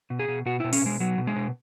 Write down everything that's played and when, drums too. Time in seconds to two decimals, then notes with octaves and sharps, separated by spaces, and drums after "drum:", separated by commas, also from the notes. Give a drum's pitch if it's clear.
0.10 B2
0.19 G#4
0.28 B2
0.46 B2 F#4
0.60 B2 E4
0.73 C#4, drum: open hi-hat
0.82 B2 G#3
1.00 B2 F#3
1.18 B2
1.27 G#3
1.36 B2